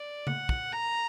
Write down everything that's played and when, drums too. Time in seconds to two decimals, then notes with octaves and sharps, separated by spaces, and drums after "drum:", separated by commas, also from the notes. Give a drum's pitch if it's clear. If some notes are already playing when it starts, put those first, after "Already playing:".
Already playing: D5
0.27 F#5, drum: tom C#3
0.49 drum: kick
0.72 A#5